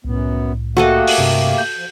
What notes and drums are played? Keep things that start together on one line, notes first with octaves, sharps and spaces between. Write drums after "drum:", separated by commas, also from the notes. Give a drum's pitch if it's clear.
C2 F#2 A2 B3
A3 A#3 F#4 G4 A4 D#5
drum: open hi-hat
G2 C3
G6
F3